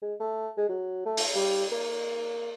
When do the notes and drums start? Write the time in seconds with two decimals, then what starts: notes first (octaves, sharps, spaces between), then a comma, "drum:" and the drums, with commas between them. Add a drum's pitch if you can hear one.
0.02 G#3
0.20 A3
0.58 G#3
0.69 F#3
1.06 A3
1.17 drum: open hi-hat
1.35 G3
1.72 A#3